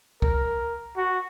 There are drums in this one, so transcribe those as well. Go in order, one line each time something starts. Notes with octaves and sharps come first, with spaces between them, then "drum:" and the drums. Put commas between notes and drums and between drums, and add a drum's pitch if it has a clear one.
A#4, drum: kick C#2
F#4